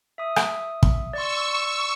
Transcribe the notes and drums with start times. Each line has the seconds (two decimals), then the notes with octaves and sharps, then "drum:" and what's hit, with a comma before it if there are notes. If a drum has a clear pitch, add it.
0.18 E5 D#6
0.36 drum: rim click
0.83 drum: kick
1.13 D5 C6 C#6 E6